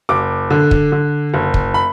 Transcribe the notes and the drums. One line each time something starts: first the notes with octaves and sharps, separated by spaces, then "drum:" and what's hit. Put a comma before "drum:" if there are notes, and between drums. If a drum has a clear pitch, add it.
F#1 D6
D3
drum: kick
D3
F#1
drum: kick
B5